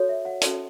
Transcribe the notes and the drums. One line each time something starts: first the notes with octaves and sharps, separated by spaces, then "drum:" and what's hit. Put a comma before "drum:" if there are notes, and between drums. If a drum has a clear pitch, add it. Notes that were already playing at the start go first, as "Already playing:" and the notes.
Already playing: F#4 A4 C#5
E5
F#5
C#4 F#4 A4 A5, drum: hi-hat